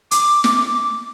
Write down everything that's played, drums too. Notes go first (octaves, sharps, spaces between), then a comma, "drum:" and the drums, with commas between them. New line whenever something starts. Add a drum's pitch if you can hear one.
D6, drum: hi-hat
drum: snare